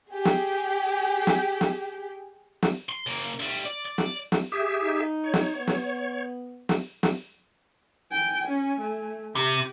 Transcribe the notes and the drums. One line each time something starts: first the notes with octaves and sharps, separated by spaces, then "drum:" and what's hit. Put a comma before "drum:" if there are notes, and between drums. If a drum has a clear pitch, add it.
G4 G#4
drum: snare
drum: snare
drum: snare
drum: snare
C6
C#3 A#3
D2 G3
D5
D5
drum: snare
drum: snare
G4 G#4 E5
D#4
C#5
drum: snare
B3
drum: snare
drum: snare
drum: snare
G5 G#5
C#4
A3
C3 G4